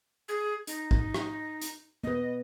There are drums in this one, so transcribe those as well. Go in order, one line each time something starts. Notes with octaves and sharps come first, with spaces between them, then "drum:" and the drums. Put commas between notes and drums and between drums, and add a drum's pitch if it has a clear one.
G#4
D#4, drum: hi-hat
drum: kick
drum: rim click
drum: hi-hat
B3 B4 D#5